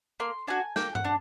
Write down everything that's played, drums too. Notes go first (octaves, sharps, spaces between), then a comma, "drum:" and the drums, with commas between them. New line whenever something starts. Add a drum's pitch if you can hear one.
A#3 C6
D4 F#4 G#5
A#3 G5, drum: snare
F#5, drum: tom G2
D4